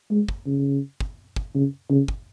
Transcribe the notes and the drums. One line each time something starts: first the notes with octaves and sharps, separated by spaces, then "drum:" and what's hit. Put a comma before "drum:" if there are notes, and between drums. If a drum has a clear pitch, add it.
G#3
drum: kick
C#3
drum: kick
drum: kick
C#3
C#3
drum: kick